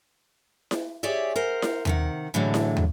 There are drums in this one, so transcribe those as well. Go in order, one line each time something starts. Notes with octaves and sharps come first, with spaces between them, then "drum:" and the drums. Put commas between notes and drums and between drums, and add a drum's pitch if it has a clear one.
drum: snare E4
G4 G#4 C#5 D5 E5
A#4 C5 F#5
drum: snare E4
C3 D#3 F#5, drum: tom
A2 D3 E3 F#3 G#3
drum: snare E4
drum: tom